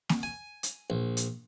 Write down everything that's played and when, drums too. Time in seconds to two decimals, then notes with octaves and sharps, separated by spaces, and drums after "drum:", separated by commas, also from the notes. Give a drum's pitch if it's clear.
0.09 drum: snare A#3
0.23 G#5
0.63 drum: hi-hat
0.90 A#1
1.17 drum: hi-hat